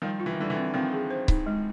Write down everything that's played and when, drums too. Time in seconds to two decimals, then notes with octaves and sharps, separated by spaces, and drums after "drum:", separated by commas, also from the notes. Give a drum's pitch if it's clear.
0.02 D#3 F3 G3
0.20 F4
0.26 E3
0.33 D#3
0.38 D3 E3 G3
0.50 D3 E3
0.56 C4
0.74 D#3 F3 C4
0.92 G#4
1.11 C5
1.28 D#4, drum: kick C#1
1.46 G#3